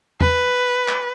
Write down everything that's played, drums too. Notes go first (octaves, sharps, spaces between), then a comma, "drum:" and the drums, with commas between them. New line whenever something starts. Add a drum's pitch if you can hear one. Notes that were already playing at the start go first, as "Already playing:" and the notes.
B4, drum: tom
drum: clap